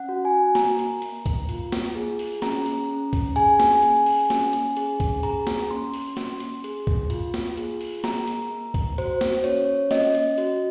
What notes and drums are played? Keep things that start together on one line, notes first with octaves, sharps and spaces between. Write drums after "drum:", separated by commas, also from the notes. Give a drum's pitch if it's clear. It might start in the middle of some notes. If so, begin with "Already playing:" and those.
Already playing: C#4 F#5
F#4
G#5
A#3 A#5, drum: snare A#3
drum: hi-hat
A#3, drum: hi-hat
drum: kick C2, hi-hat
F4, drum: hi-hat
drum: snare A#3
G#4
drum: open hi-hat
C#4 A#5, drum: snare A#3
drum: hi-hat
C#4
drum: kick C2, hi-hat
G#4 G#5, drum: hi-hat
drum: snare A#3
C#4, drum: hi-hat
drum: open hi-hat
C#4, drum: snare A#3
drum: hi-hat
G#4, drum: hi-hat
drum: kick C2, hi-hat
G#4 A#5, drum: hi-hat
drum: snare A#3
C#4 C6
drum: open hi-hat
C#4 C6, drum: snare A#3
drum: hi-hat
G#4, drum: hi-hat
drum: kick C2
F4, drum: hi-hat
drum: snare A#3
G#4, drum: hi-hat
drum: open hi-hat
A#3 A#5, drum: snare A#3
drum: hi-hat
A#3
drum: kick C2, hi-hat
F#4 C5, drum: hi-hat
drum: snare A#3
C#4 C#5, drum: hi-hat
C#4 D#5, drum: snare A#3
drum: hi-hat
F#4, drum: hi-hat